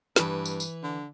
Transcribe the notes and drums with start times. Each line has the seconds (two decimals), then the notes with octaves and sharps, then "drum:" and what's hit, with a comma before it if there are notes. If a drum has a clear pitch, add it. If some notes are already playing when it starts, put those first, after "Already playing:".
0.16 G2 E3 B4, drum: snare
0.45 drum: tambourine
0.60 drum: tambourine
0.83 D3